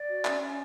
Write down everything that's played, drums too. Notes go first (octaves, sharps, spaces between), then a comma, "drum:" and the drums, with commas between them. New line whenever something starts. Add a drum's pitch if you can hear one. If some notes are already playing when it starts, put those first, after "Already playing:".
Already playing: D5
F#4
C#4, drum: clap
C#4